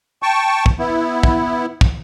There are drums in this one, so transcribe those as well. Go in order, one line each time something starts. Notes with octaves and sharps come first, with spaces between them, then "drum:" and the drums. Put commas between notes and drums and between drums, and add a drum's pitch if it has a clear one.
G5 A5 C#6
drum: kick
B3 E4
drum: kick
drum: kick